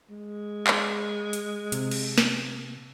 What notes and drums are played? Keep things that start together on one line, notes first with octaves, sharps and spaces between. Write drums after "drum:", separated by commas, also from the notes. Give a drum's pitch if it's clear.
G#3
drum: clap
drum: hi-hat
C3, drum: hi-hat
drum: cymbal
drum: snare